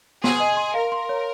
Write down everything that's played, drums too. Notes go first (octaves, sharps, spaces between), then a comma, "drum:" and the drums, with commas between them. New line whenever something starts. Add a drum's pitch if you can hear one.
G#4 C6, drum: snare
D#5
C6
A#4 F5
C6
C#5